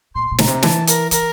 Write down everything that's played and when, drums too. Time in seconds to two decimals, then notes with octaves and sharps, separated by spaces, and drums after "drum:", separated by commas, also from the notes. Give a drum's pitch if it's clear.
0.14 A#2 C6
0.32 A#2
0.38 A#5, drum: snare
0.48 C3
0.63 E3 A5, drum: snare
0.87 A#4, drum: hi-hat
1.11 E3 A#4, drum: hi-hat